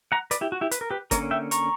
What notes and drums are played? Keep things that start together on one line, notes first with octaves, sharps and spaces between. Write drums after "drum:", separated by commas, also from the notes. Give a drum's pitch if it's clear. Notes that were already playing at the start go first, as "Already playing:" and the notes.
F#5 A#5
B4 D5, drum: hi-hat
E4 G4
F#4
E4 G4
B4, drum: hi-hat
A#4
G4 B4
D3 A#3 C#4 A#4 C#5, drum: kick, hi-hat
E5 G5
A#5 C#6, drum: hi-hat